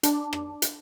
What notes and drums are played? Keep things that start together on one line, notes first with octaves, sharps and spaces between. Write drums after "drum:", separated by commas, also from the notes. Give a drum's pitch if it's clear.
D4, drum: hi-hat
drum: rim click
drum: hi-hat